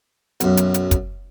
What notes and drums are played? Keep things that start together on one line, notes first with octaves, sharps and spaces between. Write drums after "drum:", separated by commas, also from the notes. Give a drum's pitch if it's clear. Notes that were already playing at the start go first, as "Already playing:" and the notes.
B1 F#2, drum: hi-hat
drum: hi-hat
drum: hi-hat
drum: kick, hi-hat